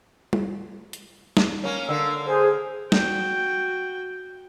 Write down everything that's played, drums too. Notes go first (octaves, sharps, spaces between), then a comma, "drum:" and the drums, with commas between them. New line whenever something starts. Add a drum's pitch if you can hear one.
drum: tom G3
drum: hi-hat
drum: snare
A#3 C#4
D3 A#3 E6
G#4 C5
F#4 G5, drum: snare